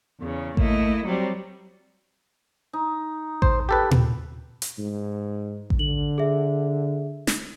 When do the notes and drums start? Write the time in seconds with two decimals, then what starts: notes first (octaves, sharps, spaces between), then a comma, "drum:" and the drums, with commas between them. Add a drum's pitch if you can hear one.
0.20 E2 C#3
0.57 A3 A#3 E4 D#5, drum: kick A1
1.05 F#3 G3 C4 D5
2.73 D#4
3.42 C5, drum: kick A1
3.69 G4 A4 B4
3.91 drum: tom A#2
4.62 drum: hi-hat
4.79 G#2
5.70 drum: kick A1
5.79 D3 F#7
6.18 G#4 E5
7.27 drum: snare